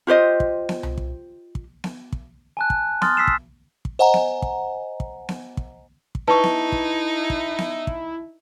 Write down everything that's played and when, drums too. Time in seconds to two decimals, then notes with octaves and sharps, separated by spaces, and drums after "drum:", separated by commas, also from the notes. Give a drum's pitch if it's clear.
0.07 F4 G4 C5 D#5
0.40 drum: kick
0.69 drum: snare B3
0.83 drum: tom C2
0.98 drum: kick
1.55 drum: kick
1.84 drum: snare B3
2.12 drum: kick
2.57 G#5 A5 F#6
2.70 drum: kick
3.02 C6 D#6 F6 A6, drum: snare B3
3.17 E6 B6 C7 E7
3.27 drum: kick
3.85 drum: kick
3.99 C5 D#5 F#5 G#5 A#5
4.14 drum: snare B3
4.42 drum: kick
5.00 drum: kick
5.29 drum: snare B3
5.57 drum: kick
6.15 drum: kick
6.28 D#4 E4 B4 A5 C#6
6.44 drum: snare B3
6.72 drum: kick
7.30 drum: kick
7.58 drum: snare B3
7.87 drum: kick